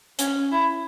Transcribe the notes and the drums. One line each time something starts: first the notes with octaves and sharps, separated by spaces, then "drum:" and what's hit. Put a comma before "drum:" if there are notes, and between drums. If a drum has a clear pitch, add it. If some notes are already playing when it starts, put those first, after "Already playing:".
C#4, drum: hi-hat
E4